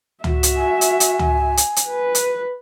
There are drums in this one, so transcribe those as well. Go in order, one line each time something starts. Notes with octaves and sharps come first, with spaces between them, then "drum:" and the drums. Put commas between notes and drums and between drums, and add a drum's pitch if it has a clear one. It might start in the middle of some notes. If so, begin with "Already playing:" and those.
F#4 E5, drum: tom C#2
drum: hi-hat
G#5
drum: hi-hat
drum: hi-hat
drum: tom C#2
drum: hi-hat
drum: hi-hat
B4
drum: hi-hat